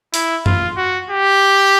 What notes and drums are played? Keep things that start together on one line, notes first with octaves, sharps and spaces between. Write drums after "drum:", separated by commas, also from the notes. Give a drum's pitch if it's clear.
E4, drum: open hi-hat
F4, drum: tom F#2
F#4
G4